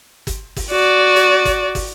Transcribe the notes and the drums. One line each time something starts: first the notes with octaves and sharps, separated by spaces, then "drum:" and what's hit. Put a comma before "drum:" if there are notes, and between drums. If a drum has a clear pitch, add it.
drum: kick, hi-hat
drum: kick, open hi-hat
F#4 D5
drum: hi-hat
drum: kick, hi-hat
drum: kick, open hi-hat